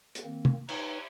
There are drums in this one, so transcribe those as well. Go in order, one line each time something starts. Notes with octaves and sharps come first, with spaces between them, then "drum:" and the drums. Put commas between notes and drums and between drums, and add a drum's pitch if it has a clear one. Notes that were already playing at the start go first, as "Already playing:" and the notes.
drum: hi-hat
D#3 A#3 C4
drum: tom
D#4 B4 C#5 G5 A#5 C#6, drum: cymbal